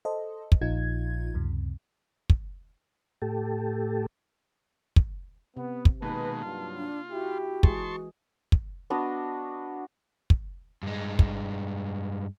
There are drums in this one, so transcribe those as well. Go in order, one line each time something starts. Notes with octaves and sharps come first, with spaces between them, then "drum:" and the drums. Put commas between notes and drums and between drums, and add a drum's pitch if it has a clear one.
A4 C5 D#5
drum: kick
A#1 A#2 F3 D#4 F4 G#6
C#2 F#2 C3
drum: kick
A2 G4 A4
drum: kick
C3 B3
drum: kick
B2 D#3 G#3 A#3 D#4 B4 A5
G2 F#3 F4
D4
E4 F#4 G4
E3 G#3 G#4 A5 C6 C#6, drum: kick
drum: kick
B3 D4 F#4 D#5
drum: kick
G2 G#3
drum: kick